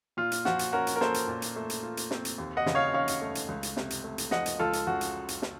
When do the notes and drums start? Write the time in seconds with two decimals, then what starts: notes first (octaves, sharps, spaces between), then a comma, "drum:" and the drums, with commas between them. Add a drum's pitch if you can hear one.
0.17 A#2 F4
0.32 drum: hi-hat
0.45 F3 F#4, drum: snare
0.59 drum: hi-hat
0.72 C#4 F#4 A#4
0.87 drum: hi-hat
0.96 A#4
1.01 A#3 A4 C5, drum: snare
1.14 drum: hi-hat
1.28 A#2
1.42 drum: hi-hat
1.56 A3
1.70 drum: hi-hat
1.83 F4
1.97 drum: hi-hat
2.11 C4, drum: snare
2.25 drum: hi-hat
2.38 D#2
2.57 D#5 F#5
2.66 C#3, drum: snare
2.75 C#5 F5
2.93 C#4 C#5 F5
3.08 drum: hi-hat
3.22 A3
3.35 drum: hi-hat
3.48 C#2
3.63 drum: hi-hat
3.77 C3, drum: snare
3.90 drum: hi-hat
4.04 A3
4.18 drum: hi-hat
4.31 F3 D#5 F#5, drum: snare
4.46 drum: hi-hat
4.59 C#2 F4 A4
4.73 drum: hi-hat
4.87 C#3 F#4
5.01 drum: hi-hat
5.28 drum: hi-hat
5.42 drum: snare